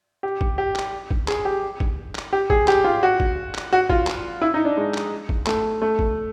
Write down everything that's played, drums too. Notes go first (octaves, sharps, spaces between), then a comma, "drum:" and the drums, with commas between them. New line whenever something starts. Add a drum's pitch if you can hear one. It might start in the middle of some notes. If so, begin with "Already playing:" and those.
G4
drum: kick G#1
G4
drum: clap
drum: kick G#1
G#4, drum: clap
G4
drum: kick G#1
drum: clap
G4
G#4, drum: kick G#1
G4, drum: clap
F4
F#4
drum: kick G#1
drum: clap
F#4
F4, drum: kick G#1
drum: clap
E4
D#4
D4
G#3
drum: clap
drum: kick G#1
A3, drum: clap
A3
drum: kick G#1